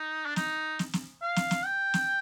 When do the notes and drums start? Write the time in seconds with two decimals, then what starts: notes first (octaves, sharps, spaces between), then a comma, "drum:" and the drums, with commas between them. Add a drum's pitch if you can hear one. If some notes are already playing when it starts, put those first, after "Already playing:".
Already playing: D#4
0.26 D4
0.36 D#4, drum: snare
0.79 drum: snare
0.93 drum: snare
1.22 F5
1.36 drum: snare
1.51 drum: snare
1.65 G5
1.94 drum: snare